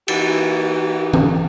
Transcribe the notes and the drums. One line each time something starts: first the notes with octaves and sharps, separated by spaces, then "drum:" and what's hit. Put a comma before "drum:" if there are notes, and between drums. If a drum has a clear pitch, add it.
E3 A#3 D#4 F#4 G4, drum: cymbal
drum: tom E3